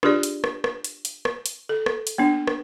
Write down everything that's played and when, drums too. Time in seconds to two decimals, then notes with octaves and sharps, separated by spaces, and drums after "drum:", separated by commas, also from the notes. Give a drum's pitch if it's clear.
0.03 D4 F4 G4 G#4 D5, drum: rim click
0.23 drum: hi-hat
0.44 drum: rim click
0.64 drum: rim click
0.84 drum: hi-hat
1.05 drum: hi-hat
1.25 drum: rim click
1.46 drum: hi-hat
1.69 A4
1.86 drum: rim click
2.07 drum: hi-hat
2.18 A#3 B3 D4
2.47 drum: rim click